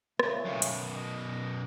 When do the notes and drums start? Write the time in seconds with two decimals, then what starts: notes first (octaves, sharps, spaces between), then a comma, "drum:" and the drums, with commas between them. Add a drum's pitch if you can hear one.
0.19 A#2 C#3 A3, drum: rim click
0.45 F#2 B2
0.62 drum: hi-hat
0.96 D#5